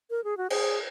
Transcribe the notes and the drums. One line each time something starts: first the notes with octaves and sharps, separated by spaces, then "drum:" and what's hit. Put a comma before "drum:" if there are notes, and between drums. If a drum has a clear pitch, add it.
A#4
G#4
F#4
G#4, drum: cymbal